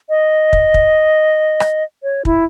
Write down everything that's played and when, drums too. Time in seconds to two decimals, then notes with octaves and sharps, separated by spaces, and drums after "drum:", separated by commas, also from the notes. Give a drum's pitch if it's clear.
0.09 D#5
0.53 drum: kick
0.74 drum: kick
1.60 drum: rim click
2.03 C#5
2.25 E4, drum: kick